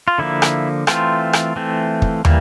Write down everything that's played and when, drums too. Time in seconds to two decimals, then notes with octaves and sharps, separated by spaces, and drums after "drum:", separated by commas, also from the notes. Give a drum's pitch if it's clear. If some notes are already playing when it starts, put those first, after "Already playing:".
0.08 F4
0.18 D3 F3 A#3 E4
0.42 drum: rim click
0.87 E3 A3 C4 F4, drum: rim click
1.33 drum: rim click
1.56 E3 A3 C4
2.02 drum: kick
2.25 E3 G3 A#3, drum: tom